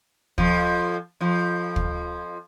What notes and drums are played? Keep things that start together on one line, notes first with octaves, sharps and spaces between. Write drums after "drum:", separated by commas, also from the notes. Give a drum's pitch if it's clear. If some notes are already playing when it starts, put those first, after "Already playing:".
F2 F3, drum: kick
F2 F3
drum: kick